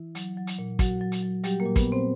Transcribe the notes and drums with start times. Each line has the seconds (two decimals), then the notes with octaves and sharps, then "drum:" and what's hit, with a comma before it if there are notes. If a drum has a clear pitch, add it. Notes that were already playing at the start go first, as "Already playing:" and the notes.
Already playing: E3 E4
0.15 F#3, drum: hi-hat
0.37 F#3
0.47 drum: hi-hat
0.59 A#2
0.79 F#3 F#4, drum: kick, hi-hat
1.01 F#3
1.12 drum: hi-hat
1.23 F#3
1.44 F#3 G3 G4, drum: hi-hat
1.60 A#3 A#4
1.66 A#2
1.76 B3 B4, drum: kick, hi-hat
1.87 A#2 C4 C5